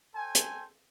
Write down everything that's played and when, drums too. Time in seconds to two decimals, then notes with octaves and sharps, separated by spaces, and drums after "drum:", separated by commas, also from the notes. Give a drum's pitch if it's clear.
0.14 A4 C5 G5 G#5
0.35 drum: hi-hat